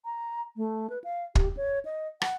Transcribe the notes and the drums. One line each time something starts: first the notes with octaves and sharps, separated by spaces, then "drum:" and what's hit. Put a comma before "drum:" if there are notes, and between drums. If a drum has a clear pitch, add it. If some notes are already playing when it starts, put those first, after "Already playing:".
A#5
A3
B4
F5
G4, drum: kick
C#5
D#5
F#5, drum: rim click